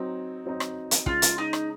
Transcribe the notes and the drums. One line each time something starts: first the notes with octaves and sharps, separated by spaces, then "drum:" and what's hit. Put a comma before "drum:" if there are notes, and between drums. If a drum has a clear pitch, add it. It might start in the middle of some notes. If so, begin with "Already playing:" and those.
Already playing: F#3 C4 D#4
F#3 C4 D#4
drum: rim click
drum: hi-hat
C#3 G#3 D#4 F4, drum: kick
drum: hi-hat
D#4
drum: rim click